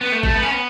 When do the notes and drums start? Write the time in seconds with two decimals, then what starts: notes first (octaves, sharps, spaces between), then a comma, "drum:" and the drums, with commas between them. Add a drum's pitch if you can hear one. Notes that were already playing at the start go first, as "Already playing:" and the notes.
0.01 B3
0.12 A3
0.23 A3, drum: kick
0.34 B3
0.43 C#4
0.51 B3